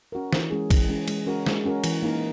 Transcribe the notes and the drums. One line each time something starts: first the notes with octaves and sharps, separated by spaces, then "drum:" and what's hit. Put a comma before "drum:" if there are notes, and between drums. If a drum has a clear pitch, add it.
C#4 F#4 A#4
E3, drum: snare
G#3 C#4 G#4
E3, drum: kick, cymbal
G#3 C#4 G#4
G#3, drum: cymbal
C#4 F#4 A#4
G#3, drum: snare
C#4 F#4 A#4
E3, drum: cymbal
A#3 D#4 A#4